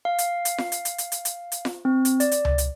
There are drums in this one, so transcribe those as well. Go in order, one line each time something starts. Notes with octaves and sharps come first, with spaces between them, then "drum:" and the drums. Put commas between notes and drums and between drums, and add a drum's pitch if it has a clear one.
F5
drum: hi-hat
drum: hi-hat
drum: snare F4
drum: hi-hat
drum: hi-hat
drum: hi-hat
drum: hi-hat
drum: hi-hat
drum: hi-hat
drum: snare F4
C4
drum: hi-hat
D5, drum: hi-hat
drum: hi-hat
drum: tom C#2
drum: hi-hat